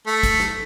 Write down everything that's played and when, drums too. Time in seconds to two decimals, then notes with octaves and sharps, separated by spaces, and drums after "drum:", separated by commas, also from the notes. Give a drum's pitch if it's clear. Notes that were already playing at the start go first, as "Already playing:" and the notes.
0.07 A3
0.23 drum: kick, hi-hat
0.40 drum: snare